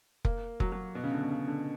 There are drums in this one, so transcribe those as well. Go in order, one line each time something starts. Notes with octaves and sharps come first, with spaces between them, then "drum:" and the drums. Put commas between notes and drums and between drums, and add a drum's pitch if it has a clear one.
A#3, drum: kick F1
F#3, drum: kick F1
F#3
B2
C#3
D3
B2
C#3
D3